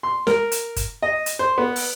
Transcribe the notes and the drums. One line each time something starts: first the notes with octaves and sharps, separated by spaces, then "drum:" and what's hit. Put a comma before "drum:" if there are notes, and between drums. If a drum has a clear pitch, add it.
C6
A#4, drum: snare
drum: hi-hat
drum: kick F#1, hi-hat
D#5
drum: hi-hat
C5
B3
drum: open hi-hat